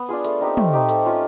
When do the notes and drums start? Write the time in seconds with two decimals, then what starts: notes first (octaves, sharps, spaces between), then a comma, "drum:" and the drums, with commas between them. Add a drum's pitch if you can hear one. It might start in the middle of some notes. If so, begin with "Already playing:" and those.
Already playing: B3
0.09 D4 F4 G#4
0.25 A3, drum: hi-hat
0.41 C4 D#4 G4
0.57 A3, drum: tom
0.73 C4 D#4 G4
0.89 A3, drum: hi-hat
1.06 C#4 F4